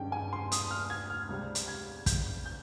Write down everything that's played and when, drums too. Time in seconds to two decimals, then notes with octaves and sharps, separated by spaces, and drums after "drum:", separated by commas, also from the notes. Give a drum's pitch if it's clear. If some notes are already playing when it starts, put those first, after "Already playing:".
Already playing: G2 D#3 G#3 C#4 G5
0.12 G#5
0.33 C6
0.52 D#6, drum: hi-hat
0.71 F6
0.90 G#6
1.10 F6
1.29 C#2 C3 G3 C4
1.55 drum: hi-hat
1.68 G#6
2.06 G6, drum: kick, hi-hat
2.46 G6